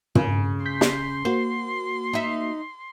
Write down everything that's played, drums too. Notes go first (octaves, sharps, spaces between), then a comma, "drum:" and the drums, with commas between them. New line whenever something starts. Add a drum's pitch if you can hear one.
C#3, drum: tom
C6 G6 B6
drum: snare
A#3 F#4 C5
D#4 E5